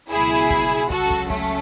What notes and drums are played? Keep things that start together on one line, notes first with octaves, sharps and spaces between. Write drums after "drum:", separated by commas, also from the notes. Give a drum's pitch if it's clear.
C#2 B2 F#3 E4 G#4
drum: kick
C#2 C#3 F#3 F#4 A4, drum: kick
drum: kick
A3 C#4, drum: kick